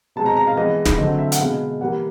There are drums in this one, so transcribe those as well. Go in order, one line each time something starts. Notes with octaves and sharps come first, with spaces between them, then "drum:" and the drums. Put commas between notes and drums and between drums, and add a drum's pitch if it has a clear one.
B2 G#3 C4 A5
A#5
A#5
F5
E3 G#3 B3 D#5
drum: snare
D3 F#3 A3 C4 D#5
E5
F#5, drum: hi-hat
B2 G#3 B3 F5
E3 G3 A#3 F#5